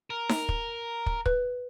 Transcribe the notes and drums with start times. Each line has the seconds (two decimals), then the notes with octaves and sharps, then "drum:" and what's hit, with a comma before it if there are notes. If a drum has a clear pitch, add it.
0.10 A#4
0.29 drum: snare D#4
0.49 drum: kick
1.06 drum: kick
1.26 B4, drum: kick